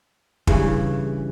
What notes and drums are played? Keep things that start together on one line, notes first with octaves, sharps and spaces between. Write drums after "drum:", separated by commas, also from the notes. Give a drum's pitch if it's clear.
G2 C#3 E3, drum: kick